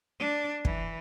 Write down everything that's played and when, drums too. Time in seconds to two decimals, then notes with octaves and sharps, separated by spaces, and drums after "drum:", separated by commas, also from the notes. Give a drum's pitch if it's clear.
0.20 D4
0.65 E3, drum: kick